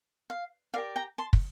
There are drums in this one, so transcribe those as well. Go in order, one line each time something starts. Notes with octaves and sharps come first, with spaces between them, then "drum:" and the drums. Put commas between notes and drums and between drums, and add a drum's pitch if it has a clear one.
F5
G4 A#4 D5 F5
G5 A#5
A5 C6
drum: kick